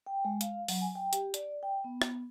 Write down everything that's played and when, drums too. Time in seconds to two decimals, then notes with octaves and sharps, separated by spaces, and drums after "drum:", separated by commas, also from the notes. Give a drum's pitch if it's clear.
0.07 G5
0.25 G#3
0.41 F5, drum: hi-hat
0.68 F#3, drum: open hi-hat
0.81 G#5
0.95 G5
1.13 G4, drum: hi-hat
1.34 D5, drum: hi-hat
1.63 G5
1.84 B3
2.02 drum: rim click